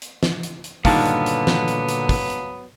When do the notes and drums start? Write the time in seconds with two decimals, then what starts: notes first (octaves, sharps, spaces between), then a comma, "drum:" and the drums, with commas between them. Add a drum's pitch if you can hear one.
0.02 drum: hi-hat
0.23 drum: snare
0.43 drum: hi-hat
0.64 drum: hi-hat
0.85 G2 A#2 D3 D#3 F#3 B3 F5 A5, drum: kick, open hi-hat
1.06 drum: hi-hat
1.26 drum: hi-hat
1.47 drum: snare
1.68 drum: hi-hat
1.89 drum: hi-hat
2.09 drum: kick, open hi-hat
2.30 drum: hi-hat